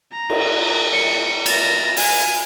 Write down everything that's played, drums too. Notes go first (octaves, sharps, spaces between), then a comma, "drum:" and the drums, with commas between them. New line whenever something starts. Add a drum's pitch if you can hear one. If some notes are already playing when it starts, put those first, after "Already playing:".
A#5
drum: cymbal
C#7
A6 A#6, drum: cymbal
G#5, drum: open hi-hat